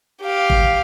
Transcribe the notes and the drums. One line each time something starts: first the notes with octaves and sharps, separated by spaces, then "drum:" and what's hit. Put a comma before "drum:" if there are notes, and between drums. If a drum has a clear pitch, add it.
G4 F5
drum: kick G1